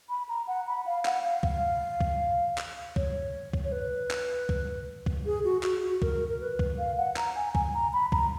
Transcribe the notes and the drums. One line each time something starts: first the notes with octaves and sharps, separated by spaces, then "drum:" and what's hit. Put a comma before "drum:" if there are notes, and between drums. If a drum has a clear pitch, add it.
B5
A#5
F#5
B5
F5
F#5, drum: clap
F5
drum: kick C2
drum: kick C2
drum: clap
C#5, drum: kick C2
drum: kick C2
C#5
B4
drum: clap
drum: kick C2
drum: kick C2
G#4
F#4
F#4, drum: clap
F#4
A#4, drum: kick C2
A#4
B4
drum: kick C2
F5
F#5
A#5, drum: clap
G#5
G#5, drum: kick C2
A#5
B5
A#5, drum: kick C2